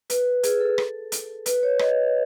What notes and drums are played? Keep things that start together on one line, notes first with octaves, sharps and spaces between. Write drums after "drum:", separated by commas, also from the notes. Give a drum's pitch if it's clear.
B4, drum: hi-hat
G#4, drum: hi-hat
A4
drum: rim click
drum: hi-hat
B4, drum: hi-hat
C#5
D#5, drum: rim click